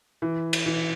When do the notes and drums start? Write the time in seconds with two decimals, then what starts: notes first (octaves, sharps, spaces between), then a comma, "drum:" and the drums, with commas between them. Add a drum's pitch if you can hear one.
0.22 E3
0.53 drum: cymbal
0.66 E3